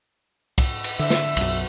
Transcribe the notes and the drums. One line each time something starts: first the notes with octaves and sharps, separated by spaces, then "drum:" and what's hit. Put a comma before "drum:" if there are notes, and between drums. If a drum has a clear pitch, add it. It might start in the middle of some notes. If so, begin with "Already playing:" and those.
drum: kick, cymbal
drum: cymbal
D3 E5
drum: snare
B1 F#2, drum: cymbal